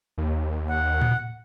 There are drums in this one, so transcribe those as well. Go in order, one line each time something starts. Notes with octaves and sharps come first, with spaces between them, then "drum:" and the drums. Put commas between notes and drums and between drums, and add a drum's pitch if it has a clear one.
D#2
F#5
drum: tom A2